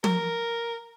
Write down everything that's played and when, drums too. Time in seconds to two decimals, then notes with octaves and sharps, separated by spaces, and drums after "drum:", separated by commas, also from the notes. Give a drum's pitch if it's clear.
0.04 A#4, drum: tom